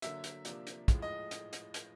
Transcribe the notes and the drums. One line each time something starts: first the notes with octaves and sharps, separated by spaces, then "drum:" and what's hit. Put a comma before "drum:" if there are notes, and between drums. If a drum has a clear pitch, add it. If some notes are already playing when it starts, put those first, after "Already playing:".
D3 F#3 A#3 E5, drum: hi-hat
drum: hi-hat
C3 F3 A#3 D4, drum: hi-hat
drum: hi-hat
A2 F3 G#3, drum: kick, hi-hat
D#5
drum: hi-hat
drum: hi-hat
drum: hi-hat